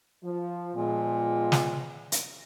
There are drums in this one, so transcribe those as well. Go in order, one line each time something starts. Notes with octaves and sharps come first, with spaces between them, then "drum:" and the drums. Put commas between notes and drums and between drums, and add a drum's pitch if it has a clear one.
F3
A#2 F3 G#3 B3
drum: snare
drum: hi-hat